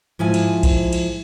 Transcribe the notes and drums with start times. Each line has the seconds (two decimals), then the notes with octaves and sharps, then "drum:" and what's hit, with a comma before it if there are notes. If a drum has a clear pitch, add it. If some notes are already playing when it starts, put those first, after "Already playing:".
0.19 G#2 F3 E4 G#5
0.34 drum: cymbal
0.63 drum: kick B1, cymbal
0.93 drum: cymbal